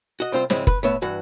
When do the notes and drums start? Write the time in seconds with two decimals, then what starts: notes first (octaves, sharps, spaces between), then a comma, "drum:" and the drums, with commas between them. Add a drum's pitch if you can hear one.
0.20 F#4 D#5
0.32 C2 C4 F4 C5
0.50 G#2 C#3 F3 G#3 C4 E4, drum: snare
0.67 B4, drum: kick F#1
0.83 A2 B3 C#5 E5
1.02 G2 E3 F#4